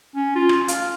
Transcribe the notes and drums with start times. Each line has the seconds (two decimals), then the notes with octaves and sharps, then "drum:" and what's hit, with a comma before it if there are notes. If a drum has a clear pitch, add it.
0.15 C#4
0.35 F4
0.49 drum: rim click
0.68 F5, drum: hi-hat